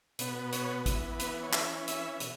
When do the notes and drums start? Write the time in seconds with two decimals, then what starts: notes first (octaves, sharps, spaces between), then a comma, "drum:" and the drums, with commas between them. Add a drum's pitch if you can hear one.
0.19 B2 B3, drum: hi-hat
0.52 C#5, drum: hi-hat
0.86 E3 B3, drum: kick A1, hi-hat
1.19 B4, drum: hi-hat
1.43 C#5
1.53 E3 C#4 E5, drum: clap
1.88 E5, drum: hi-hat
2.20 B2, drum: hi-hat